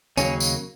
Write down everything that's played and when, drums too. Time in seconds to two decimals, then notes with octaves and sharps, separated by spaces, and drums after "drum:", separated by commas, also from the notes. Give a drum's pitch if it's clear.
0.17 D#2 C#3 F#3 A#3 C#4, drum: tambourine
0.40 drum: tambourine